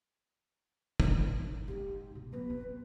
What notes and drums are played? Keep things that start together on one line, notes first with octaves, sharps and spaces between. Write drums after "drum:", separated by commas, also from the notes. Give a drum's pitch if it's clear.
drum: kick
G#2 G4
B2
F#3 B3 B4
C4